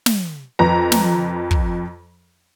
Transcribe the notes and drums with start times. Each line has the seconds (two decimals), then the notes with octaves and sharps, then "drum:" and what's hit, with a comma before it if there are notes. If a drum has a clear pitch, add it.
0.06 drum: snare
0.59 F2 B4 A#5
0.92 drum: snare
1.51 drum: kick